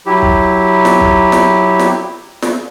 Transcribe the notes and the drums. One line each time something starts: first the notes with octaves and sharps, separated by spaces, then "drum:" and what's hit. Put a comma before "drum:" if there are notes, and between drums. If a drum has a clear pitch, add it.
F#3 E4 G4
drum: kick
drum: snare
drum: kick
drum: snare
drum: snare
drum: snare